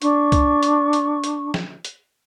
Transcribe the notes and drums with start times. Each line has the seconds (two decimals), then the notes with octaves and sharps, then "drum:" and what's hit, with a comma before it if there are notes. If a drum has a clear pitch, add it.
0.02 D4 C#6, drum: hi-hat
0.32 drum: kick C2, hi-hat
0.63 drum: hi-hat
0.93 drum: hi-hat
1.24 drum: hi-hat
1.54 drum: snare
1.85 drum: hi-hat